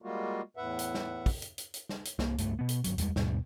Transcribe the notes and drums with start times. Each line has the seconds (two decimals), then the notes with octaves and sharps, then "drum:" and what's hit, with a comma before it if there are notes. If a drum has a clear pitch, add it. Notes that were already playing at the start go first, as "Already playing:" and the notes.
0.02 G3 G#3 A#3 F4 F#4
0.57 E2 A2 B4 E5 F#5
0.79 drum: hi-hat
0.94 drum: snare
1.26 drum: kick, open hi-hat
1.42 drum: hi-hat
1.58 drum: hi-hat
1.74 drum: hi-hat
1.89 drum: snare
2.05 drum: hi-hat
2.19 C2 A#3, drum: snare
2.38 C#2 G2 A3, drum: hi-hat
2.59 B2 B3
2.69 drum: hi-hat
2.84 G1 C#2 F#3, drum: hi-hat
2.98 E2 G3 G#3, drum: hi-hat
3.16 D#2 G#2 B2 G3, drum: snare